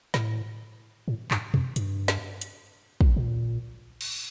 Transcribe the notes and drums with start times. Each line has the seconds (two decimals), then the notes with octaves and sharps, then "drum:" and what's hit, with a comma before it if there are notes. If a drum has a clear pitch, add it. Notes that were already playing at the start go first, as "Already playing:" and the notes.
0.14 A2, drum: snare
1.08 A2
1.31 G2, drum: clap
1.54 F2, drum: tom B2
1.76 G2, drum: hi-hat
2.08 drum: snare
2.41 drum: hi-hat
3.01 drum: kick
3.16 A#2
4.01 drum: cymbal